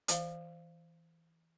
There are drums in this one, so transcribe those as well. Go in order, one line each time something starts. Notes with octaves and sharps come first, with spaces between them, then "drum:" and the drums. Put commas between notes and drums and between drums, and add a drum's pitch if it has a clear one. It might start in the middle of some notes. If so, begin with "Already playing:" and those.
E3 C5 F5, drum: hi-hat